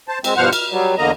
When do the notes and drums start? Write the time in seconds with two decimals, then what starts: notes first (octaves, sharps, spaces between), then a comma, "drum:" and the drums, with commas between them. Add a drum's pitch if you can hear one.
0.08 C5 A5
0.24 G#3 C4, drum: cymbal
0.36 G2 B2 F3 C5 F#5 F6
0.53 F6, drum: cymbal
0.71 F#3 G3
0.98 E2 D3 A#3 D#5 A#5